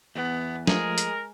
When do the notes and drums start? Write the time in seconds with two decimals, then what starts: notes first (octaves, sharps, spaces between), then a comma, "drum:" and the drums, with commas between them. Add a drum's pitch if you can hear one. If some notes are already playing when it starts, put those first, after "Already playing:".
0.16 E2 B3
0.67 F3 G#3 A3 G#4 A#4, drum: snare
0.98 drum: hi-hat